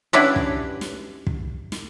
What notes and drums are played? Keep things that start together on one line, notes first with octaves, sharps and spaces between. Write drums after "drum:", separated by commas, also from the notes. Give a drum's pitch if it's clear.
C#4 D4 E4 F#4 G4 B4
drum: kick
drum: snare
drum: kick
drum: snare